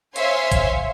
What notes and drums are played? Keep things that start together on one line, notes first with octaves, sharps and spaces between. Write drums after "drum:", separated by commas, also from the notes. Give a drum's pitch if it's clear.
C5 C#5 E5 F5 G#5 C6, drum: hi-hat
drum: kick A1, hi-hat